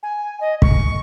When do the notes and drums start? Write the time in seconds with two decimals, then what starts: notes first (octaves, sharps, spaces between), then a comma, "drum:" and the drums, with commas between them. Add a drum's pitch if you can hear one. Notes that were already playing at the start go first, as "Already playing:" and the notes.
0.03 G#5
0.40 D#5
0.62 C#6, drum: kick